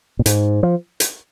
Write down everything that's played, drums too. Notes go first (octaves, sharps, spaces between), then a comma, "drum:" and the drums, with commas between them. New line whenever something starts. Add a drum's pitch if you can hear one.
A#2
G#2, drum: hi-hat
F3
drum: hi-hat